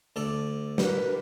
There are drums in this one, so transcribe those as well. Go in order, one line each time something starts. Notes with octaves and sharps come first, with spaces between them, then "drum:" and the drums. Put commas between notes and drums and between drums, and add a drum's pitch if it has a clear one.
D2 A4 D5
G4 A#4 B4, drum: snare